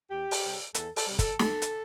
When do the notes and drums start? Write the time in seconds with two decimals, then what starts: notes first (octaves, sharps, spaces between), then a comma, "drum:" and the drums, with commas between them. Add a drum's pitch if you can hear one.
0.10 E2 G4
0.31 drum: open hi-hat
0.42 C3 G3
0.74 E2 A4, drum: hi-hat
0.96 A4, drum: open hi-hat
1.07 C3 G3
1.19 A4, drum: kick, hi-hat
1.39 E2 A4, drum: snare
1.62 drum: hi-hat